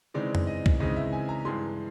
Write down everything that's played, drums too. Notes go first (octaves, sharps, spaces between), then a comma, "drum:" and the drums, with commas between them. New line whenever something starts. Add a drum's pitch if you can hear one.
C#3 E3 G#3 C4 D#4 D5
drum: tom F2
D#5
drum: kick C2
C#3 E3 G#3 C4 D#4 D#5
E5
G#5
A#5
G2 E3 G#3 C6